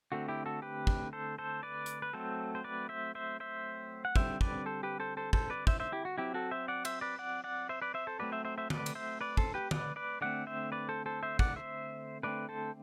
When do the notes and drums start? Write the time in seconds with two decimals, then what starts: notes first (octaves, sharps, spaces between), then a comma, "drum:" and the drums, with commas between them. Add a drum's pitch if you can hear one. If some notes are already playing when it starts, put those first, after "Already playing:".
0.12 D3 A3 C4 F#4
0.28 E4 G4
0.46 F#4 A4
0.62 G4 B4
0.87 drum: kick
1.13 A4 C5
1.38 A4 C5
1.63 B4 D5
1.86 drum: hi-hat
2.02 B4
2.13 F#3 A3 C4 A4 C5
2.55 C5
2.64 B4 D5
2.89 C5 E5
3.15 C5 E5
3.40 C5 E5
4.05 F#5
4.16 D3 G3 C4 C5 E5, drum: kick
4.41 B4 D5, drum: kick
4.66 A4 C5
4.83 G4 B4
5.00 A4 C5
5.17 A4 C5
5.33 A4 C5, drum: kick
5.50 B4 D5
5.67 C5 E5, drum: kick
5.80 C5 E5
5.92 E4 G4
6.05 F#4
6.17 F#3 C4 E4 G4
6.34 F#4 A4
6.51 C5 E5
6.68 D5 F#5
6.85 C5 E5, drum: cymbal
7.01 B4 D5
7.19 D5 F#5
7.44 D5 F#5
7.69 C5 E5
7.82 B4 D5
7.94 C5 E5
8.07 A4 C5
8.19 F#3 A3 C4 B4 D5
8.32 C5 E5
8.45 C5 E5
8.58 C5 E5
8.70 B4 D5, drum: tom
8.86 drum: cymbal
8.95 C5 E5
9.21 B4 D5
9.37 A4 C5, drum: kick
9.54 G4 B4
9.71 B4 D5, drum: tom
9.96 B4 D5
10.21 D3 A3 C4 D5 F#5
10.47 C5 E5
10.72 B4 D5
10.89 A4 C5
11.06 A4 C5
11.23 C5 E5
11.39 D5 F#5, drum: kick
11.56 C5 E5
12.23 D3 A3 C4 B4 D5
12.49 A4 C5